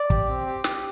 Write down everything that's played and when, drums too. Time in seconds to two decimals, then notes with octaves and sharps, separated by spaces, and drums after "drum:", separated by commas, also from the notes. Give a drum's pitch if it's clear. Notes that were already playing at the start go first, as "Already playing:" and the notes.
Already playing: D5
0.10 G4, drum: kick
0.29 C4
0.46 G4
0.64 G4, drum: snare